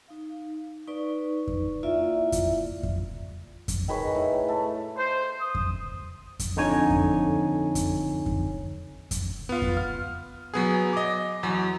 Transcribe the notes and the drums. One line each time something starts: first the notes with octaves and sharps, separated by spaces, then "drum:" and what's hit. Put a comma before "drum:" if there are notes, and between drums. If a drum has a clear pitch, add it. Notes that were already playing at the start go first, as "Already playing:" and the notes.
D#4 F5
D#4 B4 D5 C#6
drum: kick F2
A#3 E4 F4 D5 E5 F5
drum: kick F2, hi-hat
drum: kick F2
drum: kick F2, hi-hat
D#3 G#4 B4 C#5
A2
A3
C5
D#6
drum: kick F2
drum: kick F2, hi-hat
F2 D3 D#4 C#5 G#5
drum: kick F2
drum: kick F2, hi-hat
drum: kick F2
drum: kick F2, hi-hat
B3 F4
drum: kick F2
F6
F#3 B3 G#4
D#5 D6
E2 F#3